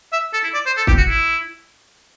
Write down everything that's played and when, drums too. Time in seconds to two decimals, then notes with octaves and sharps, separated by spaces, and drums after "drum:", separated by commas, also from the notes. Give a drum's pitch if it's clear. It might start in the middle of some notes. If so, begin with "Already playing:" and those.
0.12 E5
0.33 A4
0.43 E4
0.54 D5
0.66 C5
0.77 A4
0.87 G4, drum: kick
0.97 F#4
1.08 E4